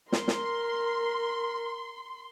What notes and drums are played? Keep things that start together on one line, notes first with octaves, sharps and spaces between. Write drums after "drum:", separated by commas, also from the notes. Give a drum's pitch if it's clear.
A#4 C6, drum: snare
drum: snare